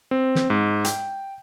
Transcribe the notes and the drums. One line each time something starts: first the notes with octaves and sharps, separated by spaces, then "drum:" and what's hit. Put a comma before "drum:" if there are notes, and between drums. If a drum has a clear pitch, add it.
C4
drum: snare
G#2
G5, drum: hi-hat